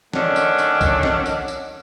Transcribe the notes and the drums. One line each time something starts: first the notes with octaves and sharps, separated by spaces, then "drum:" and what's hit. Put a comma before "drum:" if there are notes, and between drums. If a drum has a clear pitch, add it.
D3 D#3 A3 C#4 D4, drum: snare
drum: tambourine
drum: tambourine
drum: kick C2, tambourine
drum: snare
drum: tambourine
drum: tambourine